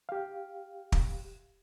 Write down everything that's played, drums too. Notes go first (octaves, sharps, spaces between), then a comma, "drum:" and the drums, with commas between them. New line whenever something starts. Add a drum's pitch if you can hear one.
G4 F5
drum: kick